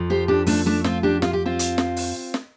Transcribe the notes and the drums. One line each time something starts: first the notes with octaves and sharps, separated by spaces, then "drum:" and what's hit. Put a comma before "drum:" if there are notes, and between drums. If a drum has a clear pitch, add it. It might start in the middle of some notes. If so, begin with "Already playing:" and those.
Already playing: F2 F3
G4 C5
D4 G4
A3 D4, drum: open hi-hat
A3 D4
C4 F4, drum: snare
D4 G4
F4, drum: snare
G4
C4 F4
drum: hi-hat
drum: snare
drum: open hi-hat
drum: snare